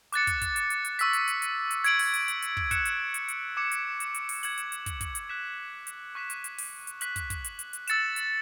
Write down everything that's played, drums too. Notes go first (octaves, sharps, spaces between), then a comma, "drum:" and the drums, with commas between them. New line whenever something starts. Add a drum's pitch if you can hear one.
D6 F#6 A6 C#7, drum: hi-hat
drum: kick, hi-hat
drum: kick, hi-hat
drum: hi-hat
drum: hi-hat
drum: hi-hat
C#6 E6 B6, drum: hi-hat
drum: hi-hat
drum: hi-hat
drum: hi-hat
drum: hi-hat
G#6 D7 F#7, drum: hi-hat
drum: open hi-hat
drum: hi-hat
drum: hi-hat
drum: hi-hat
drum: kick
F#6 C#7 E7, drum: kick, hi-hat
drum: hi-hat
drum: hi-hat
drum: hi-hat
D6 G#6 C#7 E7
drum: hi-hat
drum: hi-hat
drum: hi-hat
drum: open hi-hat
G#6 C#7 F#7, drum: hi-hat
drum: hi-hat
drum: hi-hat
drum: kick, hi-hat
drum: kick, hi-hat
drum: hi-hat
F#6 B6 E7
drum: hi-hat
C#6 F#6 B6 E7
drum: hi-hat
drum: hi-hat
drum: open hi-hat
drum: hi-hat
F#6 B6 F#7, drum: hi-hat
drum: kick, hi-hat
drum: kick, hi-hat
drum: hi-hat
drum: hi-hat
drum: hi-hat
E6 A6 C#7 E7, drum: hi-hat
drum: hi-hat